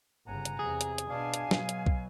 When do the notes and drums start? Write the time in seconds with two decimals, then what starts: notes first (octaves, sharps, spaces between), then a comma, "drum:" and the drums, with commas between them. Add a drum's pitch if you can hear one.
0.27 G1 C#3 F#5 G#5 A#5
0.45 drum: hi-hat
0.59 E2 C3 G#4
0.81 drum: hi-hat
0.98 drum: hi-hat
1.10 B2 D4 F5 G#5
1.34 drum: hi-hat
1.51 B2 F#3, drum: snare
1.69 drum: hi-hat
1.86 drum: kick B1